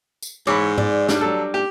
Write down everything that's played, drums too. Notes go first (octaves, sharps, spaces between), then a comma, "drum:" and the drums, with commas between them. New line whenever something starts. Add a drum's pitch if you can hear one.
drum: tambourine
G#2 E3 C#5 B5 D6
D5, drum: tom G#2
G3 D4, drum: snare
F#3 A4
G4